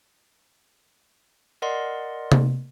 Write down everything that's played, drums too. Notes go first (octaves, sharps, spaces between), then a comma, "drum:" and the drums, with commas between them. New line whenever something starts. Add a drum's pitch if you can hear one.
A#4 D5 D#5 F#5 C6
drum: tom C3